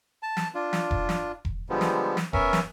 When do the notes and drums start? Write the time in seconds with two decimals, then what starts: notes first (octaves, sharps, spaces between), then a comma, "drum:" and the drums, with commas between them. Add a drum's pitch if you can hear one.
0.23 A5
0.37 drum: snare
0.55 D4 F4
0.73 drum: snare
0.91 drum: kick E1
1.09 drum: snare
1.45 drum: kick E1
1.69 D3 F3 G3 G#3 B3
1.81 drum: snare
2.17 drum: snare
2.33 B3 C#4 A#4 C#5 E5 G#5, drum: kick E1
2.53 drum: snare